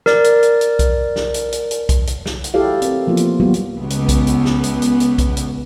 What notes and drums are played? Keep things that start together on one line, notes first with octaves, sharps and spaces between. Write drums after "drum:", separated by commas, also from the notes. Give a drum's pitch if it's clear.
A#4 D5, drum: snare
drum: hi-hat
drum: hi-hat
drum: hi-hat
drum: kick B1, hi-hat
drum: snare
drum: hi-hat
drum: hi-hat
drum: hi-hat
drum: kick B1, hi-hat
drum: hi-hat
drum: snare
drum: hi-hat
E4 F#4 G4 A4 D5 F5
C4 A#4, drum: hi-hat
F3 A#3 B3 F4
drum: hi-hat
F#3 G3 A#3 B3 F4 F#4
drum: hi-hat
C#2 B3
drum: hi-hat
drum: kick B1, hi-hat
drum: hi-hat
drum: snare
drum: hi-hat
drum: hi-hat
drum: hi-hat
drum: kick B1, hi-hat
drum: hi-hat